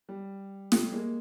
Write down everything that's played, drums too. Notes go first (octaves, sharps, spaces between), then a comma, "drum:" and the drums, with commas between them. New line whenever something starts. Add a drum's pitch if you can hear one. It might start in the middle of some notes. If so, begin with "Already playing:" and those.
G3
G3 A3, drum: snare
G#3 A#3